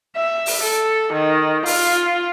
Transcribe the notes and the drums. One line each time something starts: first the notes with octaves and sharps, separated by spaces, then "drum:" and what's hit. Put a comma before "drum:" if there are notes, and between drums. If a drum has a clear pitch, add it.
E5
drum: open hi-hat
A4
D#3
F4, drum: open hi-hat